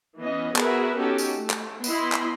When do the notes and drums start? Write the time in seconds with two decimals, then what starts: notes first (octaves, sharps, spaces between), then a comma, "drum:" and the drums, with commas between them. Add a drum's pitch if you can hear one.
0.18 E3 B3 C#4 D#5
0.56 B3 F#4 G#4 A#4 B4 E5, drum: clap
0.96 B3 C#4 D#4 F#4 G4 A4
1.18 drum: tambourine
1.35 A3
1.50 drum: clap
1.84 B3 E4 D#5 B5 C6, drum: tambourine
2.12 drum: clap